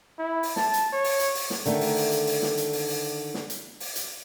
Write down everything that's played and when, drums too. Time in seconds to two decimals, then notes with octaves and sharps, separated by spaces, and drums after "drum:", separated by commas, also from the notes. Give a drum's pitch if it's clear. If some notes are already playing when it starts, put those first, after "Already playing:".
0.19 E4
0.43 drum: open hi-hat
0.56 A5, drum: snare
0.74 drum: hi-hat
0.93 C#5
1.04 drum: open hi-hat
1.20 drum: hi-hat
1.35 drum: open hi-hat
1.50 drum: snare
1.66 D3 D#3 A3, drum: hi-hat
1.81 drum: open hi-hat
1.96 drum: open hi-hat
2.12 drum: hi-hat
2.27 drum: open hi-hat
2.42 drum: snare
2.58 drum: hi-hat
2.73 drum: open hi-hat
2.88 drum: open hi-hat
3.34 drum: snare
3.50 drum: hi-hat
3.80 drum: open hi-hat
3.96 drum: hi-hat